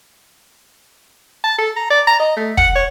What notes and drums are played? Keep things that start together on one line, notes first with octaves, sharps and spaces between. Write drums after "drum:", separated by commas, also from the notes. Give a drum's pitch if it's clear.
A5
A4
A#5
D5
A#5
D#5
A3
F#5, drum: kick
C#5